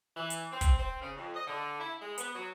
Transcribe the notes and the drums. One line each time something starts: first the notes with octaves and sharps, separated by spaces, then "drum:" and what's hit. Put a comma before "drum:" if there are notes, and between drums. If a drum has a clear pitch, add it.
E3
drum: hi-hat
C4
drum: kick, hi-hat
C4
C#3
F2
D#5
D3
E4
G#3
B3, drum: hi-hat
F#3